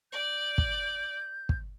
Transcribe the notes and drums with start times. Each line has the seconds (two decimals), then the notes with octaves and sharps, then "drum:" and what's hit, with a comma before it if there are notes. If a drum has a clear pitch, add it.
0.12 D5 G6
0.58 drum: kick
1.49 drum: kick